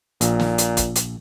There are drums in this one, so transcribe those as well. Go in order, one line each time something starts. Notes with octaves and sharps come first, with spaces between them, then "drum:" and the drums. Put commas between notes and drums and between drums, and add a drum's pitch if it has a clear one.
A#1 A#2, drum: hi-hat
drum: snare
drum: hi-hat
drum: kick, hi-hat
drum: hi-hat